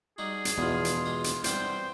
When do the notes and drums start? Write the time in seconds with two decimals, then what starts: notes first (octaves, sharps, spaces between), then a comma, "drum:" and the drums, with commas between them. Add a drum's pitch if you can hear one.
0.18 G3 D#4 F#4 G#4
0.45 drum: hi-hat
0.58 E2 B2 F3 G#3 F4 D#5
0.85 drum: hi-hat
1.06 G#3 G4 D#6
1.24 drum: hi-hat
1.44 C2 B3 C5 D5 G5, drum: hi-hat